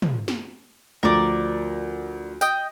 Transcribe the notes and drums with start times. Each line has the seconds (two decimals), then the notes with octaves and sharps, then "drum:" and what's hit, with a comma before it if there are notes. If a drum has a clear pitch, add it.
0.02 drum: tom
0.28 drum: snare
1.03 D2 F3 A#4 D5
2.41 D#5 G5, drum: tambourine